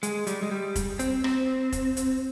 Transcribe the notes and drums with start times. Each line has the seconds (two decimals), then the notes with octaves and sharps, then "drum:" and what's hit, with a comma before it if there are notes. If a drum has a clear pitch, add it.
0.03 G#3, drum: hi-hat
0.27 G3, drum: hi-hat
0.42 G#3
0.51 G3
0.76 drum: kick F1, hi-hat
0.99 C4, drum: hi-hat
1.24 C4, drum: rim click
1.72 drum: kick F1, hi-hat
1.97 drum: hi-hat